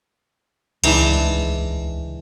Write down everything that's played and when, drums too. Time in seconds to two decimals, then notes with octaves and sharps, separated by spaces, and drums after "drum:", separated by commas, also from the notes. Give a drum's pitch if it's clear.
0.84 D#1 C#2 G#2 E3 D4, drum: cymbal